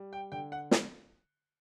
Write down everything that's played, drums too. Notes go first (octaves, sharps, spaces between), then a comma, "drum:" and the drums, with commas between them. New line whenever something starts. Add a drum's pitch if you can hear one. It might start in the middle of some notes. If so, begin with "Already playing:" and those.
Already playing: G3
G5
D3 G5
F#5
drum: snare